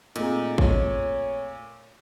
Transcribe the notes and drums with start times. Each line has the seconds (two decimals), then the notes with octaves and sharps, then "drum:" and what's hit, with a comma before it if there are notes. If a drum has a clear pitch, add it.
0.16 A#2 A3 C4 D#4 G#4, drum: hi-hat
0.58 C#5, drum: kick